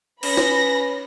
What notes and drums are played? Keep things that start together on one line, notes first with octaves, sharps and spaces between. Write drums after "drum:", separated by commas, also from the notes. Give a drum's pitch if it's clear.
C#4 B4 B5 A#6, drum: cymbal
drum: snare